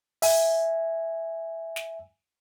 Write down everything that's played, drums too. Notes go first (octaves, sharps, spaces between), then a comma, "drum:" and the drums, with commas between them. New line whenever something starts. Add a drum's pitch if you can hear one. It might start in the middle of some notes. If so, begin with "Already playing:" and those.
E5 G#5, drum: open hi-hat
drum: snare